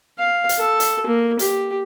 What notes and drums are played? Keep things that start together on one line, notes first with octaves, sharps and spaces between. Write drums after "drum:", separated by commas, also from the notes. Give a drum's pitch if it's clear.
F5
drum: hi-hat
A4
drum: hi-hat
A#3
G4, drum: hi-hat